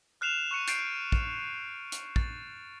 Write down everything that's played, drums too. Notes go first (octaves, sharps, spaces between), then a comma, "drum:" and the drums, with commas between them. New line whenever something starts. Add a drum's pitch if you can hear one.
F6 F#6 C7 E7 F7
C#6 F#6 C#7 D#7
G6 A6 C7 D7, drum: hi-hat
drum: kick
drum: hi-hat
A6, drum: kick